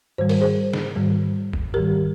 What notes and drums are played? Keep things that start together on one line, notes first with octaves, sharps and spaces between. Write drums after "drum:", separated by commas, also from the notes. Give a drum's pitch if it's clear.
G#2 D#3 G3 C5
A#4, drum: open hi-hat
G#4 C5
drum: snare
G#2 D#3 G3
drum: kick
G#2 D#3 G3 G4 A#4